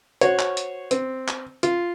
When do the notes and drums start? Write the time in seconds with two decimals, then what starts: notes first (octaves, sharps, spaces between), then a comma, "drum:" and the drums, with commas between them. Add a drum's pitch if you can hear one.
0.21 F#4 C5 C#5, drum: hi-hat
0.39 drum: clap
0.57 drum: hi-hat
0.91 C4, drum: hi-hat
1.28 drum: clap
1.63 F4, drum: hi-hat